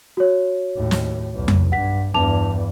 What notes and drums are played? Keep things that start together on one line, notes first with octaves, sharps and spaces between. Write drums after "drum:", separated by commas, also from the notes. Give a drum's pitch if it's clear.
F#4 C#5
D#2 A2
drum: snare
B1 E2
drum: tom F2
G2 F#5 B6
E2 G2 A5 D6 F7